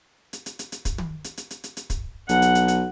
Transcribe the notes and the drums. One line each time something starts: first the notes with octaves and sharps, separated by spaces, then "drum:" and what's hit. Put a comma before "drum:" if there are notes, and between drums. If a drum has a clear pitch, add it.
drum: hi-hat
drum: hi-hat
drum: hi-hat
drum: hi-hat
drum: kick, hi-hat
drum: tom
drum: hi-hat
drum: hi-hat
drum: hi-hat
drum: hi-hat
drum: hi-hat
drum: kick, hi-hat
B1 F#5, drum: hi-hat
drum: hi-hat
drum: hi-hat
drum: hi-hat